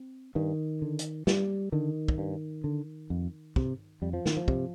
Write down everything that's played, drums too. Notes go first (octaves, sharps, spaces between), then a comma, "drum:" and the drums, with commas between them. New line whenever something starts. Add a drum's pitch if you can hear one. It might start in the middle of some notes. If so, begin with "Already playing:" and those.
Already playing: C4
G2 D#3
D3
drum: hi-hat
G2 G3, drum: snare
D3 D#3
drum: kick
G2
D3
F2
C3, drum: kick
F2 G3
F3
D#3, drum: snare
F3
C3, drum: kick